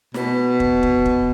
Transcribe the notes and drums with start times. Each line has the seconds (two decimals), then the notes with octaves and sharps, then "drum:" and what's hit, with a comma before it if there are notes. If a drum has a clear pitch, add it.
0.14 B2, drum: snare
0.60 drum: kick
0.83 drum: kick
1.05 drum: kick